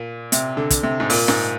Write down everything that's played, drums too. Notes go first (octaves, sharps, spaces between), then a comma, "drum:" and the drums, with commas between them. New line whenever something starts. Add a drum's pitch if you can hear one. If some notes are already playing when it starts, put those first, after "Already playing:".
Already playing: A#2
C3, drum: hi-hat
D3
drum: kick, hi-hat
C3
G#2
A#2, drum: open hi-hat
G#2, drum: snare